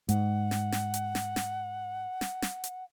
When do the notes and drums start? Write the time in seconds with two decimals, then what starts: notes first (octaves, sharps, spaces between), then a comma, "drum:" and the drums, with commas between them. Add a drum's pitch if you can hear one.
0.09 G#2 F#5, drum: hi-hat
0.51 drum: snare
0.72 drum: snare
0.94 drum: hi-hat
1.15 drum: snare
1.36 drum: snare
2.21 drum: snare
2.42 drum: snare
2.64 drum: hi-hat